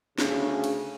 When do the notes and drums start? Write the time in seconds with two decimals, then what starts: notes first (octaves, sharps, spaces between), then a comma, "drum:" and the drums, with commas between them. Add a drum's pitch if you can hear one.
0.18 D2 C#3, drum: snare
0.64 drum: cymbal